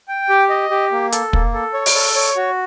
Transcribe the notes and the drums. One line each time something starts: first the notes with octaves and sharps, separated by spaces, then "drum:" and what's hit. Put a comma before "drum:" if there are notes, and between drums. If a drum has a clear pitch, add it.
G5
G4
D#5
G4
A#3
A4, drum: hi-hat
A#3, drum: kick
A4
C#5
drum: open hi-hat
A4
C#5
F#4